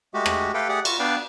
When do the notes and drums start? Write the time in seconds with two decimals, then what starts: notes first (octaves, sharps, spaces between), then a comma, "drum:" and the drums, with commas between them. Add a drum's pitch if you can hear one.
0.14 G#3 A3 F#4 G4
0.26 drum: rim click
0.54 A3 G4 A4 B4 F5 G5
0.69 A3 G4 G#4 D5 F#5
0.85 F4 F#4, drum: cymbal
0.99 B3 D4 B4 D5 F5 G5